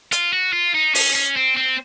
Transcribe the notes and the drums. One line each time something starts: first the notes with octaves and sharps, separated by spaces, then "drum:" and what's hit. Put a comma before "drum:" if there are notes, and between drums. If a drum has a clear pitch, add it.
F4, drum: hi-hat
F#4
F4
D#4
C#4, drum: open hi-hat
C#4
C4
C4